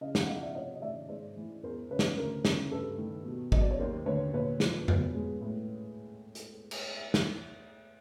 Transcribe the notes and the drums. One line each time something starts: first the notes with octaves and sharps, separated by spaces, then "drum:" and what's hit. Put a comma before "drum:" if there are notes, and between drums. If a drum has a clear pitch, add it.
C#3 D#5 F5
F5 G5, drum: snare
F#5
F3 D#5 F5
D5 E5
C3 C#5 D#5
D#5
D#3 D5 E5
G#2 C5 D5
E3
E2 A#4 C5
C#3 B4 C#5
drum: snare
D2 A#4 C5
C#3, drum: snare
G2 A4 B4
D#3
B2
F#3 D#5, drum: kick
D5
C#5
D#2 A#4 C5
D3 B4 C#5
A#2 B4 C#5
F3, drum: snare
B2, drum: tom F2
G#3
A2
drum: hi-hat
drum: cymbal
drum: snare